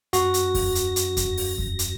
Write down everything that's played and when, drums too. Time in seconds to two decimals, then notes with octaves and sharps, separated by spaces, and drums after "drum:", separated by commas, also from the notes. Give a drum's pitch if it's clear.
0.13 F#2 F#4 A#6, drum: hi-hat
0.34 drum: hi-hat
0.55 drum: kick E2, open hi-hat
0.75 drum: hi-hat
0.96 drum: hi-hat
1.17 drum: kick E2, hi-hat
1.37 drum: open hi-hat
1.58 drum: kick E2
1.79 drum: hi-hat